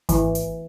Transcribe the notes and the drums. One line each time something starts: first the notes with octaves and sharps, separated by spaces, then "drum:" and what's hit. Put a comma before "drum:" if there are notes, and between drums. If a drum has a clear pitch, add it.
E3, drum: kick G#1, hi-hat
drum: hi-hat